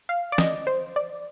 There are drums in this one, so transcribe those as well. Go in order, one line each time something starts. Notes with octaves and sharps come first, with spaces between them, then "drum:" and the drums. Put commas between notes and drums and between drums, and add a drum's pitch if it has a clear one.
F5
D5
D#5, drum: snare
C5
D5